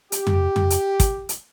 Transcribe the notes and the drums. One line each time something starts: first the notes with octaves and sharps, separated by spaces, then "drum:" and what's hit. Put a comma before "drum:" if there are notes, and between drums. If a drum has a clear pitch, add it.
G4, drum: hi-hat
drum: tom
drum: tom
drum: hi-hat
drum: kick, hi-hat
drum: hi-hat